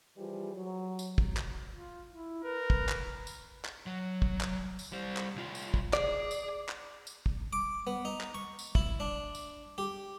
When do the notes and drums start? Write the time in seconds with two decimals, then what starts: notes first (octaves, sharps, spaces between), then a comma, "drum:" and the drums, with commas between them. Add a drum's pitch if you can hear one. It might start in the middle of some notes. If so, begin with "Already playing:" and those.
0.17 E3 F3 G3 G4 G#4
0.54 F#3
0.99 drum: tambourine
1.18 drum: kick
1.37 drum: clap
1.71 F4
2.09 E4
2.44 A#4 B4
2.70 drum: kick
2.89 drum: clap
3.27 drum: tambourine
3.65 drum: clap
3.86 F#3
4.22 drum: kick
4.41 drum: clap
4.79 drum: tambourine
4.93 G3 C5
5.17 drum: clap
5.36 C2 F4
5.55 drum: tambourine
5.74 drum: kick
5.93 G#4 D5, drum: clap
6.31 drum: tambourine
6.69 drum: clap
7.07 drum: tambourine
7.26 drum: kick
7.53 D6
7.87 B3
8.05 D#4
8.21 drum: clap
8.35 C#6
8.59 drum: tambourine
8.75 E4, drum: kick
9.00 D4
9.35 drum: tambourine
9.78 G4